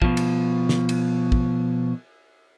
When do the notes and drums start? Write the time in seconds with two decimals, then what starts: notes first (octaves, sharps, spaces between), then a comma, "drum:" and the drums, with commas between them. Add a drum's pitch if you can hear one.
0.02 B2 F3, drum: kick
0.17 drum: cymbal
0.69 drum: snare
0.89 drum: cymbal
1.32 drum: kick